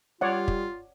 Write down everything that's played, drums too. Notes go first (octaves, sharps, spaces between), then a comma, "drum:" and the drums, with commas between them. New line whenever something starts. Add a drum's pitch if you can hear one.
G3 F4 C#5 D5 F#5
drum: kick